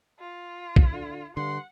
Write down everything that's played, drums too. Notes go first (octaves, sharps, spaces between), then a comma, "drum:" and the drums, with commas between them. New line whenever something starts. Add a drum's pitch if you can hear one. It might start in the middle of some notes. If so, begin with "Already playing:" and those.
F4
drum: kick B1
D3
G2 D3 F#5 C6